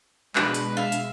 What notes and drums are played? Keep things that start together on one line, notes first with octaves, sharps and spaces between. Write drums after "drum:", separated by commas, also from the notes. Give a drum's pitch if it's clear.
B2 G#3 D4 B4, drum: clap
drum: hi-hat
E5 F5
drum: hi-hat